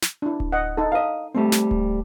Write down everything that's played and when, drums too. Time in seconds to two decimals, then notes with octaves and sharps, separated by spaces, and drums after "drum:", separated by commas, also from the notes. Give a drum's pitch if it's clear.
0.03 drum: snare
0.22 D4 E4
0.40 drum: kick D1
0.52 D#5 F#5
0.77 D#4 A4
0.92 D#5 F5
1.35 G3 A3 C4
1.52 drum: snare
1.71 drum: kick D1